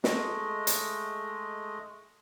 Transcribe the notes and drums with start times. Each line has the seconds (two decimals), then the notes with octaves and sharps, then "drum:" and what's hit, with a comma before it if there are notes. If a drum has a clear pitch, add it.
0.04 G#3 A3 D#5, drum: snare
0.67 drum: hi-hat